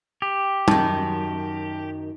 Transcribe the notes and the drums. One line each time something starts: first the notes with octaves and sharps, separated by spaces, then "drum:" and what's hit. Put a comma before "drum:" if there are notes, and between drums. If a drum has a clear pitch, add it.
G4
F#2 D#3 A5, drum: tom